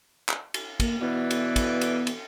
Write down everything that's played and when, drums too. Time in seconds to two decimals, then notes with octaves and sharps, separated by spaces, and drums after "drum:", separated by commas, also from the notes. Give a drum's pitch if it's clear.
0.29 drum: clap
0.54 drum: cymbal
0.80 A#3, drum: kick, cymbal
1.00 B2 E3 B3 D5
1.31 drum: cymbal
1.56 drum: kick, cymbal
1.81 drum: cymbal
2.07 drum: cymbal